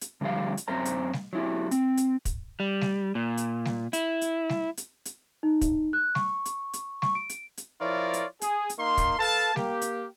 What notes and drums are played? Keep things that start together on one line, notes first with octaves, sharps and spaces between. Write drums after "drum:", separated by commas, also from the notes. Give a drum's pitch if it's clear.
drum: hi-hat
D3 F3 G3 G4 F5
drum: hi-hat
F#2 C4 A#4 C5 A#5
drum: hi-hat
drum: snare G3
F#3 E4 G4
C4, drum: hi-hat
drum: hi-hat
drum: kick, hi-hat
G3
drum: snare G3
A#2
drum: hi-hat
drum: snare G3
E4, drum: hi-hat
drum: hi-hat
drum: snare G3
drum: hi-hat
drum: hi-hat
D#4
drum: kick, hi-hat
F#6
C#6, drum: snare G3
drum: hi-hat
drum: hi-hat
C#6, drum: snare G3
D7
drum: hi-hat
drum: hi-hat
F3 E4 F4 A#4 C#5 D5
drum: hi-hat
G#4, drum: hi-hat
drum: hi-hat
A#3 D#4 F5 C6
drum: kick, hi-hat
A4 B4 F5 A5
A#3 G4, drum: snare G3
drum: hi-hat